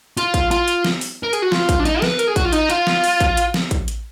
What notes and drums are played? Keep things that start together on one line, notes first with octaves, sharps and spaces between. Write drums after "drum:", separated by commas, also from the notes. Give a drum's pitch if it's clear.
F4, drum: hi-hat
drum: kick, hi-hat
F4, drum: hi-hat
drum: hi-hat
drum: snare
drum: open hi-hat
A#4
G#4, drum: hi-hat
F#4
F4, drum: snare
drum: kick, hi-hat
D4
D#4, drum: hi-hat
B4, drum: snare
A#4, drum: hi-hat
G#4
F#4, drum: kick, hi-hat
F4
D#4, drum: hi-hat
F4, drum: hi-hat
drum: snare
drum: open hi-hat
drum: kick, hi-hat
drum: hi-hat
drum: snare
drum: kick, hi-hat
drum: hi-hat